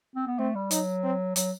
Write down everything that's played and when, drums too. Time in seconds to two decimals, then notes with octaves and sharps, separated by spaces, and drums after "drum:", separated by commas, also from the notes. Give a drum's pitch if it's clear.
0.16 C4
0.27 B3
0.39 A3 C4
0.55 G3
0.71 F#3 D#4, drum: hi-hat
1.03 C4
1.36 F#3, drum: hi-hat